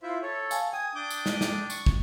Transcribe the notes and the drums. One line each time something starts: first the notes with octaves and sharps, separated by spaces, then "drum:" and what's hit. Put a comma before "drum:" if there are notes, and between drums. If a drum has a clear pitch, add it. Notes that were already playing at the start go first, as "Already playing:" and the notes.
E4 F4 C5 E5
A4 C#5
F5 G#5 A5, drum: tambourine
G5 G#5 D#6
D4 D6 D#6 G6
drum: tambourine
drum: snare
drum: snare
C#6, drum: tambourine
drum: kick